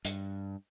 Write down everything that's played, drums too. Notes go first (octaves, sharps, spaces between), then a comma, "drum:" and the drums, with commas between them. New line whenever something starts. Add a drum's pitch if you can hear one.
G2, drum: hi-hat